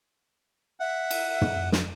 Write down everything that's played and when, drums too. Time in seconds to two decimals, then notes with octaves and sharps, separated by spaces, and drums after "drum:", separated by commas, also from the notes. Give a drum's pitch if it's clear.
0.80 E5 F#5
1.11 drum: cymbal
1.41 drum: tom
1.72 drum: snare